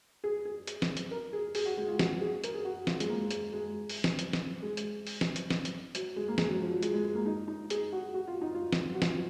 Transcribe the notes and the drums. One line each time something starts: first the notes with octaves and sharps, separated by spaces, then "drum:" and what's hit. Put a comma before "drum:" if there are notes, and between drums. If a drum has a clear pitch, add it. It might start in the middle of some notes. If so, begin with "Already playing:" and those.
G#4
G#4
drum: hi-hat
drum: snare
drum: hi-hat
A#4
G#4
G#4, drum: open hi-hat
F#4
G#3
F4
F#4, drum: snare
G#4
A#4, drum: hi-hat
G#4
F#4
F4, drum: snare
G#3, drum: hi-hat
A#3
G#3, drum: hi-hat
G#3
drum: open hi-hat
drum: snare
drum: hi-hat
drum: snare
G#3
drum: hi-hat
drum: open hi-hat
drum: snare
drum: hi-hat
drum: snare
drum: hi-hat
F#3, drum: hi-hat
G#3
A#3
G#3, drum: snare
F#3
F3
F#3
G#3, drum: hi-hat
G#3
G#3
A#3
D#4
D#4
G#4, drum: hi-hat
F#4
F#4
F4
D#4
F4
drum: snare
F#4
F4, drum: snare